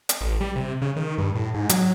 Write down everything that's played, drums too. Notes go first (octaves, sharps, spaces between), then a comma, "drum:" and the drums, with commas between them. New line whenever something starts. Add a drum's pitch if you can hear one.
drum: hi-hat
A1
G3
C3
C#3
D#3
G2
A2
G#2
F#3, drum: hi-hat